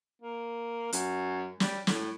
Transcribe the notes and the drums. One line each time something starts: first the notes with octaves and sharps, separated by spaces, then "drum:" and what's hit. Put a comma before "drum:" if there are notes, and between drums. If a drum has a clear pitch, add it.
A#3
F#2, drum: hi-hat
G3, drum: snare
A2, drum: snare